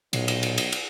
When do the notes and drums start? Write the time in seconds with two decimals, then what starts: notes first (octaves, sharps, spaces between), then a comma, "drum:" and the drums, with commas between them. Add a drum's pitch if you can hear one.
0.13 B1 A#2, drum: cymbal
0.28 drum: cymbal
0.43 drum: cymbal
0.58 drum: cymbal
0.73 drum: cymbal